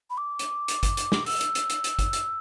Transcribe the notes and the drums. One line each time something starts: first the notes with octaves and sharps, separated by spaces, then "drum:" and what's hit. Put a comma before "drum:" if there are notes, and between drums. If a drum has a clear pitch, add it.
B5
D6
drum: hi-hat
drum: hi-hat
drum: kick, hi-hat
drum: hi-hat
drum: snare
E6, drum: open hi-hat
drum: hi-hat
drum: hi-hat
drum: hi-hat
drum: hi-hat
drum: kick, hi-hat
drum: hi-hat